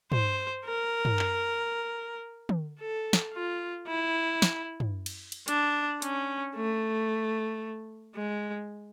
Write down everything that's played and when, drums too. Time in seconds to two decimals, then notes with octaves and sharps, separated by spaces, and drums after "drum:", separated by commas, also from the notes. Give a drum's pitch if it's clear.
0.12 C5, drum: tom
0.66 A#4
1.05 drum: tom
1.19 drum: clap
2.49 drum: tom
2.80 A4
3.13 drum: snare
3.33 F4
3.88 E4
4.42 drum: snare
4.80 drum: tom
5.06 drum: cymbal
5.32 drum: cymbal
5.48 D4, drum: hi-hat
6.02 C#4, drum: hi-hat
6.55 A3
8.15 G#3